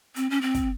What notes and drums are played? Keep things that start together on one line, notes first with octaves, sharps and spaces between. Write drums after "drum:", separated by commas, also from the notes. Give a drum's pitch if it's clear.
C4, drum: hi-hat
C#4
C4
drum: kick, hi-hat